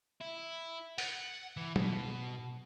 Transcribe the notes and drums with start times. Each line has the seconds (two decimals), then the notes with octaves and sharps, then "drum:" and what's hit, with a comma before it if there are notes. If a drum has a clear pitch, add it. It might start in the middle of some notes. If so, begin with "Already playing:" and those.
0.21 E4
0.98 F#5, drum: open hi-hat
1.57 E3
1.76 B2, drum: tom